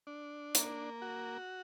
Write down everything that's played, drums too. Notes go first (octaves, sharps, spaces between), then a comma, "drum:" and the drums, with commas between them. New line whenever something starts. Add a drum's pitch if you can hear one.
D4
A#3, drum: hi-hat
F#4